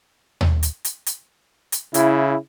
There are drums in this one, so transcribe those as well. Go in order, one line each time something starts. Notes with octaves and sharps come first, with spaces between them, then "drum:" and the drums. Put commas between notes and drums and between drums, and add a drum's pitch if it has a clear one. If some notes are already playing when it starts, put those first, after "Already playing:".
drum: tom D#2
drum: hi-hat
drum: hi-hat
drum: hi-hat
drum: hi-hat
C#3 E4, drum: hi-hat